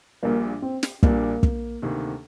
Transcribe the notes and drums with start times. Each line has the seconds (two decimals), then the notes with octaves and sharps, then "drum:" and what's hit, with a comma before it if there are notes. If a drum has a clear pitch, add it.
0.23 A#1 A#2 G3 A#3 D4
0.62 C4
0.83 drum: snare
1.03 A#1 A#2 G3 A#3 D4, drum: kick
1.43 drum: kick
1.82 D2 C3 D#3 A#3